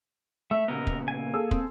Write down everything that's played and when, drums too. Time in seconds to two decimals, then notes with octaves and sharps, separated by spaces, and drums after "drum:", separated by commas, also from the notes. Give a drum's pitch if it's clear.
0.51 A3 E5 E6
0.68 A#2 C#3 B3 A#4 D#5
0.87 drum: kick
1.08 A#3 G#5
1.34 G#4 A4 E6
1.51 C4, drum: kick